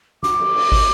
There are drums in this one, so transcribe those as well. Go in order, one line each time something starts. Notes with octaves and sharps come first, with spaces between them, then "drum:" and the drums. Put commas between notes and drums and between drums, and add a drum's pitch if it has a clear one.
D6, drum: snare
drum: cymbal
drum: cymbal
drum: kick, cymbal